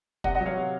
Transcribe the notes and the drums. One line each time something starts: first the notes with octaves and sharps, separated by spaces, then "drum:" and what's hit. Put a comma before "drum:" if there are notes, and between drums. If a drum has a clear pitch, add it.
C3 D#5 F#5, drum: kick
D#5 F#5
F#3
C#5 F5
C3